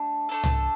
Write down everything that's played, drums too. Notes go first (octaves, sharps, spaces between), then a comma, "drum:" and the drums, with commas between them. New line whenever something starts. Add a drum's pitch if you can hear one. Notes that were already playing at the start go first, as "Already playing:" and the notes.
Already playing: A3 D4
A3 D4 A4
drum: tom